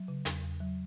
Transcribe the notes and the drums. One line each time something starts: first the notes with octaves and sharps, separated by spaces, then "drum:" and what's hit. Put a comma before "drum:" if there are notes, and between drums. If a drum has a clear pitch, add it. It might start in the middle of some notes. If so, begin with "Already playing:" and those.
Already playing: F#3
C#3
E2, drum: hi-hat
E2
F#3